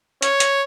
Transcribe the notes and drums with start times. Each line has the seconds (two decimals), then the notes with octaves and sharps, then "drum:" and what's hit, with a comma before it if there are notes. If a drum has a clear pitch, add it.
0.22 C#5, drum: hi-hat
0.40 drum: hi-hat